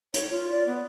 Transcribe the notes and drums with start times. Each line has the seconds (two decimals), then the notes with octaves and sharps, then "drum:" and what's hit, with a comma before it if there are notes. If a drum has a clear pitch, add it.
0.14 C#5, drum: hi-hat
0.31 F4
0.50 D5
0.66 B3